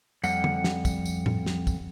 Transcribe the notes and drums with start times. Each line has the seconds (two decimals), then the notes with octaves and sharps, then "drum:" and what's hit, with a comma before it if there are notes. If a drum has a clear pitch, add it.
0.23 F2 G3 F#5, drum: tambourine
0.44 drum: tom
0.64 drum: snare
0.85 drum: kick, tambourine
1.05 drum: tambourine
1.26 drum: tom A2
1.46 drum: snare
1.67 drum: kick, tambourine